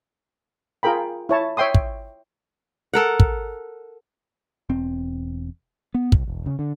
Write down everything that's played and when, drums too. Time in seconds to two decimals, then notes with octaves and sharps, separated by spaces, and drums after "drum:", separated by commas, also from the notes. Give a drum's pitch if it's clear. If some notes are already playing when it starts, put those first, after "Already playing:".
0.83 F4 G#4 A#4 G5 B5
1.29 E4 C#5 A5
1.57 C#5 E5 G5 C6 D#6
1.74 drum: kick
2.94 A4 A#4 F#5
3.20 drum: kick
4.69 E1 C4
5.95 B3
6.12 C2, drum: kick
6.28 E1
6.46 C#3
6.59 D3